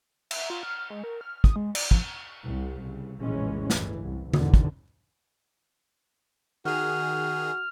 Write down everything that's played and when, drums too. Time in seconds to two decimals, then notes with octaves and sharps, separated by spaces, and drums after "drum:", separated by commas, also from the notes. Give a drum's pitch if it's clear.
0.31 E5, drum: cymbal
0.50 F4
0.63 F6
0.90 G#3
1.04 A#4
1.21 F6
1.44 D#6, drum: kick
1.56 G#3
1.75 D5, drum: cymbal
1.91 F3, drum: kick
2.43 C2
2.83 C2 C#3
3.21 F1 A#1 A2 E3 G#3 C#4
3.70 G1 D2 E3, drum: snare
4.01 C2
4.34 E2 G#2 B2 D3 D#3, drum: tom D3
4.54 drum: kick
6.65 D#3 F#4 G#4 F6